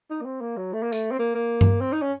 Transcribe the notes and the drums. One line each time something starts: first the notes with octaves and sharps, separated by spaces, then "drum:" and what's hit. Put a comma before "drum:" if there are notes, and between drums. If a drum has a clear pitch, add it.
D#4
A#3
C4
A#3
F#3
A3
A#3
A3, drum: tambourine
C4
A#3
A#3
drum: tom G2
C4
D#4
C#4